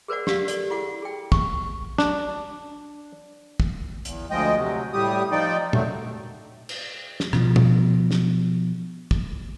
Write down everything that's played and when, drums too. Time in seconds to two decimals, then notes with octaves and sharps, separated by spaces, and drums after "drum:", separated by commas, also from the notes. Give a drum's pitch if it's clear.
0.08 G#4 A#4 C5 D5 F#5
0.27 G4 D5 F5 F#5, drum: snare
0.48 A4 D5, drum: hi-hat
0.70 E4 G#4 F#5
1.02 G#4 G5
1.32 C#6, drum: kick
1.98 D4, drum: snare
3.60 drum: kick
4.05 E2, drum: hi-hat
4.30 D2 F3 G#3 D#5 G5
4.57 C3 F#3
4.93 A2 G3 G4 D#6
5.32 F3 D#4 D5 G5
5.73 D#3 F#3 A3, drum: tom
6.69 drum: cymbal
7.20 drum: snare
7.33 B2 F3, drum: rim click
7.56 drum: tom
8.11 drum: snare
9.11 drum: kick